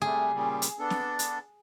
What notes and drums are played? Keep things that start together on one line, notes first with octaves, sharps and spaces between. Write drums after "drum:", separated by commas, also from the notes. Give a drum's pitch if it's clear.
C3 G3 A3 G#4
A#2 C#3 G3
drum: hi-hat
B3 D4 A4
drum: snare C4
drum: hi-hat